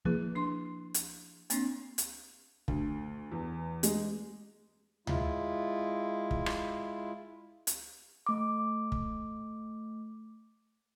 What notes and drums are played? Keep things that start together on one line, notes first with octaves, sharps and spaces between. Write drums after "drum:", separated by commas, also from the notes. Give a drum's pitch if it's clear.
F3 A#3 E4 G#4 B4
D4 C6
drum: hi-hat
A#3 C4 D4, drum: hi-hat
drum: hi-hat
D2, drum: kick
E2
G#3, drum: hi-hat
G#3 E4 F4, drum: tom D2
drum: kick
drum: rim click
drum: hi-hat
A3 D6
drum: kick